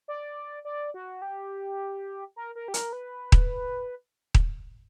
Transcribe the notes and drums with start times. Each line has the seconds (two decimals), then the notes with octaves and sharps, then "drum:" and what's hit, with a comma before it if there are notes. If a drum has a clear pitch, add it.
0.08 D5
0.65 D5
0.94 F#4
1.22 G4
2.36 A#4
2.55 A#4
2.68 G4
2.74 A#4, drum: hi-hat
2.93 B4
3.32 drum: kick D#1
4.34 drum: kick D#1